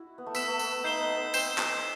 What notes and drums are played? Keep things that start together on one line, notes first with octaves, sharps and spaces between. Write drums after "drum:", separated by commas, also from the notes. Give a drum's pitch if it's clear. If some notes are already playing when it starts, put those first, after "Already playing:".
Already playing: E4 F#4
B3
A3
B3 E6 B6 E7, drum: tambourine
A3
B3, drum: tambourine
B3
D#4 G6 C7 E7 G7
B3
B3
C4 G6 C7 E7 G7, drum: tambourine
drum: clap